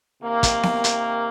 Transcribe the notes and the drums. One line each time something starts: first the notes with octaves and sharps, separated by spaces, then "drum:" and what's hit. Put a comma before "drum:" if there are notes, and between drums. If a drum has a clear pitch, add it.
C3 D#3 A#3
drum: kick, hi-hat
drum: snare B3
drum: hi-hat